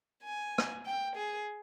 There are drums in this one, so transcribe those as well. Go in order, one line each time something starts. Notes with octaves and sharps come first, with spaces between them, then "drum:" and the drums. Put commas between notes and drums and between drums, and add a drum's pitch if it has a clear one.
G#5
drum: rim click
G5
G#4